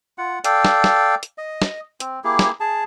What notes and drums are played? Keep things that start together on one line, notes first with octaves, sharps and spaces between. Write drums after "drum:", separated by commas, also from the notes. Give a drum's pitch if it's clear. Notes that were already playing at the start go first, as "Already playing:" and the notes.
F4 F#5
A4 D5 F5 G5, drum: hi-hat
drum: snare
drum: snare
drum: hi-hat
D#5
drum: snare
C4, drum: hi-hat
A#3 E4 G4 G#4
drum: snare
G#4 A5